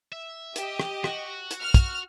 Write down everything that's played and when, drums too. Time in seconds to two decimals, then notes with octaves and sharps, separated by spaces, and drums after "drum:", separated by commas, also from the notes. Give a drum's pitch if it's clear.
0.13 E5
0.56 G4 D#5, drum: hi-hat
0.79 drum: rim click
1.04 F#4, drum: rim click
1.51 drum: hi-hat
1.62 F6
1.74 drum: kick, hi-hat